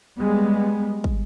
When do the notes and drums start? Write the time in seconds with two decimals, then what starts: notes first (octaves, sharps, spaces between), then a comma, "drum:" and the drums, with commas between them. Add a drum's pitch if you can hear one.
0.18 G3 G#3 B3
1.04 drum: kick